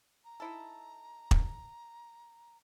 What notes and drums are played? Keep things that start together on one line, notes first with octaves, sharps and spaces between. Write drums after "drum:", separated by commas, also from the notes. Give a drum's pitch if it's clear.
A#5
D#4 E4 A4
drum: kick